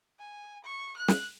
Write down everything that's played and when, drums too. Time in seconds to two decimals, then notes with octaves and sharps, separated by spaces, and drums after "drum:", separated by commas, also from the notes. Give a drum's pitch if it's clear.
0.19 G#5
0.64 C#6
0.97 F#6
1.08 drum: snare